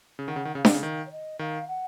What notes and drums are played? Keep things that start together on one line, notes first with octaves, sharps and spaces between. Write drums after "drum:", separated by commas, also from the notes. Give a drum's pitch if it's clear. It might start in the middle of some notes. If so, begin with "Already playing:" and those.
C#3
D#3 F#5
C#3
D#3
C#3 F5
C3, drum: snare D4
C#3
D#3
C#5
D#5
D#3 F5
F#5